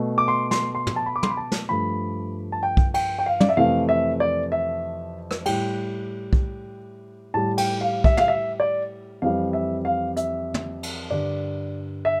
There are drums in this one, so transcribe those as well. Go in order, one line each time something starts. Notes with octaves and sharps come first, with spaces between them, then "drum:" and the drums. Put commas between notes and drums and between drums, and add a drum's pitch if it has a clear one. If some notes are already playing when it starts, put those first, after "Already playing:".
Already playing: B2 A3
D6
C6
C6, drum: snare
C6
drum: tom
A5
B5
D6
C6, drum: tom
B5
A5
drum: snare
G2 F3 A3 B5
A5
G5
drum: kick B1
G5, drum: cymbal
G5
F5
D5, drum: tom
E5
F2 C3 E3 A3 F5
E5
D5
E5
drum: rim click
A2 G3 G5, drum: cymbal
drum: kick B1
A2 G3 A5
G5, drum: cymbal
F5
E5, drum: kick B1
F5, drum: tom
E5
D5
F2 E3 G3 F5
E5
F5
E5, drum: hi-hat
drum: tom
drum: cymbal
G2 D3 G3 D5
E5